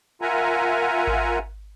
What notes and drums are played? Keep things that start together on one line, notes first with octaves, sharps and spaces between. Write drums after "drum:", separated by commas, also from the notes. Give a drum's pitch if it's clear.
F4 A#4 E5 F#5 G#5 A#5
drum: kick G#1